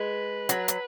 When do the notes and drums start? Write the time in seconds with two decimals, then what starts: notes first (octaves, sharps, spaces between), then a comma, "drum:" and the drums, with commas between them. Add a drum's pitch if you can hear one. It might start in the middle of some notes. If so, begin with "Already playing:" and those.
Already playing: G#3 B4
0.49 F#3, drum: hi-hat
0.68 drum: hi-hat